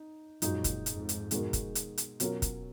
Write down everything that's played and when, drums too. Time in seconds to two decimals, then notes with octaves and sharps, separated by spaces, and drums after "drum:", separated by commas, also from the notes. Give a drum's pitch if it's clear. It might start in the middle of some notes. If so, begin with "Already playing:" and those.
Already playing: D#4
0.42 F#2 A#2 F3 G#3 D#4 F#4, drum: hi-hat
0.64 drum: kick, hi-hat
0.86 F2 G#2, drum: hi-hat
1.09 drum: hi-hat
1.31 B2 G#3 D#4 F#4 A#4, drum: hi-hat
1.53 drum: kick, hi-hat
1.75 drum: hi-hat
1.98 drum: hi-hat
2.20 B2 F#3 C#4 F4 A#4, drum: hi-hat
2.42 drum: kick, hi-hat